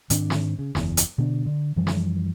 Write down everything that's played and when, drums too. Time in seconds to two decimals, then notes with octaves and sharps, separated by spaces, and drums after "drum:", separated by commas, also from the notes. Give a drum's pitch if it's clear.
0.10 G#2 D#3 C4 D4, drum: hi-hat
0.30 drum: snare
0.59 C#3
0.75 F#1 E2, drum: snare
0.97 drum: hi-hat
1.18 B2 D3 B3 D4
1.46 D3
1.76 F#2 E3 F3 G3
1.87 drum: snare